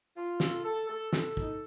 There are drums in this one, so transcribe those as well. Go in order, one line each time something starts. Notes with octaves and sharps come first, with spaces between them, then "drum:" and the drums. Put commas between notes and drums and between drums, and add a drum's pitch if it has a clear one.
F4
A4, drum: snare
A4
A4
A4, drum: snare
D#4, drum: kick